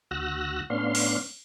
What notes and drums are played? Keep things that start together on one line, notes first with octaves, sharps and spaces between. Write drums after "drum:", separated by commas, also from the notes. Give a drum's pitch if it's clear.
D2 F#4 E6 F#6 A#6
A2 B3 C#4 D4 F5 C6
drum: open hi-hat